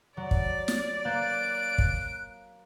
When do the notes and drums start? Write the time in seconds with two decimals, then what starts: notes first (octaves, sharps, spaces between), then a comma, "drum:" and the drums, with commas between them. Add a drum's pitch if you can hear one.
0.17 F#3 D5
0.31 drum: kick
0.68 drum: snare
1.05 A#3 C5 F#6 D7
1.78 drum: kick